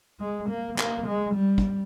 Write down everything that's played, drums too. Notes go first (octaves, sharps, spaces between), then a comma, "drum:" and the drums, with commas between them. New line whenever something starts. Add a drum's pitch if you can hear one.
G#3
A#3
A#3, drum: clap
G#3
G3
drum: kick